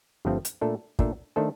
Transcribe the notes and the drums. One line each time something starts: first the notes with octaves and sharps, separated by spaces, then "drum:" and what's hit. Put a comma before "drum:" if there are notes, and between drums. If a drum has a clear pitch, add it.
G1 G2 F3 A3 C4
drum: hi-hat
A#2 A3 D4 A4
A#2 A3 D4 A4, drum: kick
D#3 A3 D4 A4 C5